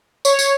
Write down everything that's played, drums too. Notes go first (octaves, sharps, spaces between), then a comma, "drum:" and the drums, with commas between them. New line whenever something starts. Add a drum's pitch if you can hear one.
C#5, drum: tambourine
drum: tambourine